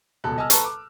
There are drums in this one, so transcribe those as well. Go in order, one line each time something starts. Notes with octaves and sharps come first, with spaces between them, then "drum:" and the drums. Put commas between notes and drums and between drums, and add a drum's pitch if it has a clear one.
D#1 C#2 B2 A4 F#6
D#5 G#5 A5 E6 F6
A4 B4 A5 A#5 C#6 E6, drum: hi-hat
D6